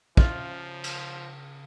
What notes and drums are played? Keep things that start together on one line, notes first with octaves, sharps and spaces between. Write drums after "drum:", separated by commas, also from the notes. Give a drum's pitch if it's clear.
C#3 F3 F4 E5, drum: kick
drum: cymbal